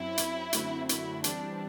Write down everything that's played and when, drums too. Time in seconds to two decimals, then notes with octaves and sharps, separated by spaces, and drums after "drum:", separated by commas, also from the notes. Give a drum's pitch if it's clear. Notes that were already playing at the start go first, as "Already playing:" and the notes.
Already playing: F#2 F#3 C4 E4
0.18 drum: hi-hat
0.53 F#2 D3 A3 C4 F#4, drum: hi-hat
0.89 E4, drum: hi-hat
1.24 E3 G3 C4 D4 G4, drum: hi-hat